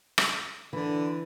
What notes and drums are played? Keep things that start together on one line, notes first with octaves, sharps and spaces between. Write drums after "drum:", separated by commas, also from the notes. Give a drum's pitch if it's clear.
drum: rim click
D3 E3